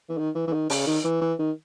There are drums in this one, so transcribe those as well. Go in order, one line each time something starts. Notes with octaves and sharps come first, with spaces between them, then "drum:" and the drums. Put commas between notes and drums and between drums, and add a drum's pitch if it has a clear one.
E3
D#3
E3
E3
D#3
C#3, drum: open hi-hat
D#3
E3
E3
D#3